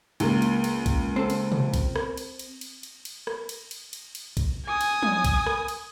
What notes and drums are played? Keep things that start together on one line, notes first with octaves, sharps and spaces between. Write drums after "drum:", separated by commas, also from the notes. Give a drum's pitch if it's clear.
C#2 A#3, drum: cymbal
drum: cymbal
drum: cymbal
drum: kick A#1, cymbal
C4 A4
drum: cymbal
drum: tom
drum: kick A#1, cymbal
drum: rim click
drum: cymbal
drum: cymbal
drum: cymbal
drum: cymbal
drum: cymbal
drum: rim click
drum: cymbal
drum: cymbal
drum: cymbal
drum: cymbal
drum: kick A#1, cymbal
G#5 D#6
drum: cymbal
drum: tom
drum: kick A#1, cymbal
drum: rim click
drum: cymbal